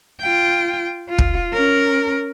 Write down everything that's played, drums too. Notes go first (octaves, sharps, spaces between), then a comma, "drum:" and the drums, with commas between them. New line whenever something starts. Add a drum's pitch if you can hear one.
F4 G5
F4
drum: kick
C#4 A#4